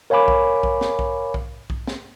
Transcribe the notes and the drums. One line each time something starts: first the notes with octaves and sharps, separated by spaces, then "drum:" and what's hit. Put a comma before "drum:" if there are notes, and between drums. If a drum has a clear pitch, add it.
A#4 C#5 F5 G#5 B5 D6
drum: kick B1
drum: kick B1
drum: snare
drum: kick B1
drum: kick B1
drum: kick B1
drum: snare